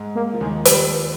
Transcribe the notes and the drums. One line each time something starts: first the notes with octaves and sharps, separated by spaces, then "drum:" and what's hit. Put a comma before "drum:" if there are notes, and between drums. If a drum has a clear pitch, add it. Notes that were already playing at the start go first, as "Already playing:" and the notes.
Already playing: G#2 G#3
A#3
F3
D#2 D#3 G#3
D#2 D#3 G3, drum: hi-hat